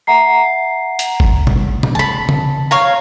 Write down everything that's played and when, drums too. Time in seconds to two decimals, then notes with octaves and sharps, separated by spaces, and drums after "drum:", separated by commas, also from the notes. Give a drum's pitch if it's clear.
0.07 E5 F#5 A#5 C7
0.99 drum: hi-hat
1.20 drum: kick G1
1.47 drum: tom B2
1.83 drum: tom B2
1.95 A5 B5
2.29 drum: tom C#3
2.71 C#5 F5 A#5